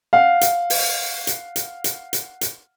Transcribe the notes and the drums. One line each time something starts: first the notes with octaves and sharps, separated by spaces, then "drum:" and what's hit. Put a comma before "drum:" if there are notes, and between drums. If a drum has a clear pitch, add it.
F5 F#5
drum: hi-hat
drum: open hi-hat
drum: hi-hat
drum: hi-hat
drum: hi-hat
drum: hi-hat
drum: hi-hat